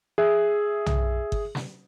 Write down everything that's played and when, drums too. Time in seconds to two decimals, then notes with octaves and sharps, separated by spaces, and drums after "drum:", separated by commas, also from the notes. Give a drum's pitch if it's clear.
0.18 G#4 E5
0.86 drum: tom B1
1.32 drum: kick G1
1.55 drum: snare